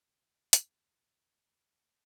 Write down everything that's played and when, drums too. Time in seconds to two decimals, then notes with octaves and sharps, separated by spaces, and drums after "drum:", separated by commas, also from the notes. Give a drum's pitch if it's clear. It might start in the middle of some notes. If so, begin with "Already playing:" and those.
0.09 F1 D2
0.53 drum: hi-hat